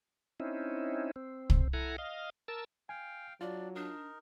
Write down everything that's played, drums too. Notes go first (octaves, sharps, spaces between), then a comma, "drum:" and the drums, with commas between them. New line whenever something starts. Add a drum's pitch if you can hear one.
C4 C#4 D#4 E4
C4
drum: kick
E4 A4 F#5 G#5 A#5
D#5 F5
A#4 A5 E6
F5 G5 G#5
F#3 D4 F4 D5
D4 D#4 A#4